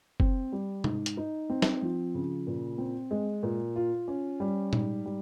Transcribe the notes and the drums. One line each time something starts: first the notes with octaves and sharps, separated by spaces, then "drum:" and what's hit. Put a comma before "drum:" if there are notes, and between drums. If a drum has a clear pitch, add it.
C4, drum: kick F#1
G3
G#2, drum: tom C3
drum: hi-hat
D#4
C4
drum: snare
F3
C#3
A#2
C4
G#3
A#2
F4
C#4
G3
G#2, drum: tom A#2
G3